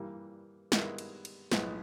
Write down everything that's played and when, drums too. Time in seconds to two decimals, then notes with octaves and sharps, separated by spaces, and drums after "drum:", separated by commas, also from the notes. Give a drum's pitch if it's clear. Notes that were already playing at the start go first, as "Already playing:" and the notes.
Already playing: G2 E3 G3 A#3
0.72 G2 D#3 G#3 B3 E4, drum: snare
0.98 drum: cymbal
1.25 drum: cymbal
1.52 B1 A2 F3 G#3 B3, drum: snare